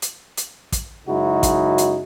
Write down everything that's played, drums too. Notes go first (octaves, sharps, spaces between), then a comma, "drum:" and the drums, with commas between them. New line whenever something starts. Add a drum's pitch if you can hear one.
drum: hi-hat
drum: hi-hat
drum: kick, hi-hat
F#2 C#3 G#3 D#4 E4 F#4
drum: kick, hi-hat
drum: hi-hat